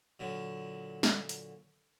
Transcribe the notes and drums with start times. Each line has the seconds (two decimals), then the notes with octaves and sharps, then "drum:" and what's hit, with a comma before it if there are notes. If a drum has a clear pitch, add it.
0.20 A#2 D3 F#3
1.03 drum: snare
1.29 drum: hi-hat